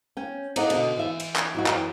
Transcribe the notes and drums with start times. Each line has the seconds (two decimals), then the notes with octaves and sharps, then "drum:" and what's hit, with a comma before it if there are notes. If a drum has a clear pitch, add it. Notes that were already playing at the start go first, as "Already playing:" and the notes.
0.17 C#4 G5
0.56 D#4 G#4 A4 D5 D#5 F#5, drum: cymbal
0.70 B2 D3 B3 D#5, drum: cymbal
0.97 E3 E5
1.20 drum: cymbal
1.36 drum: clap
1.55 F#3 D#4 F#4
1.66 F#2 E3 G5, drum: clap